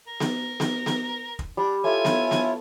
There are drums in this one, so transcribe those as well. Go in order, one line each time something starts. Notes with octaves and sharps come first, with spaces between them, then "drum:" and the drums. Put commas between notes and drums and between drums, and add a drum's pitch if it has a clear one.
A#4
drum: snare B3
drum: snare B3
drum: snare B3
drum: kick
G3 D4
A3 E4 F4 C#5 G#5
drum: snare B3
drum: snare B3